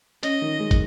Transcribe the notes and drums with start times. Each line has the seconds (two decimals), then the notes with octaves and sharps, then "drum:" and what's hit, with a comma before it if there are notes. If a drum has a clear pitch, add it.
0.23 C#4 D#5, drum: hi-hat
0.42 D#3
0.60 G#3
0.71 drum: kick, hi-hat